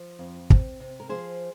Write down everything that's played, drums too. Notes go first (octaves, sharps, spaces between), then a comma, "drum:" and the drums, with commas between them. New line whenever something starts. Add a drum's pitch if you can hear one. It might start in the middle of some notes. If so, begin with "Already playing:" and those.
Already playing: F3
F2
C4, drum: kick
C3
A#4
F3 G#4 C5